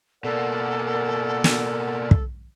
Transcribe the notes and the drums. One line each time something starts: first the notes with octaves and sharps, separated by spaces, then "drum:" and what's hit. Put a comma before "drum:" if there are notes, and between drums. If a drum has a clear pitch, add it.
B2 A#3 A4 A#4 D5 F#5
drum: snare
drum: kick